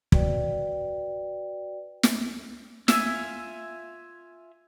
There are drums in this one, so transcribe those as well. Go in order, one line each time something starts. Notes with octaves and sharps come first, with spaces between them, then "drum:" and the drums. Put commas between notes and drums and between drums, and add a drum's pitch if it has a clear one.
F#4 B4 D5 G5, drum: kick
drum: snare
F4 E5 G#5 E6, drum: snare